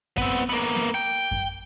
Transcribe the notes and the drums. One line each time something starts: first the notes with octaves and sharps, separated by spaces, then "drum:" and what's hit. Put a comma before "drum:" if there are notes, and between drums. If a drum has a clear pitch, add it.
B3 C4, drum: kick F#2
A#3 B3
drum: snare
G5
drum: kick F#2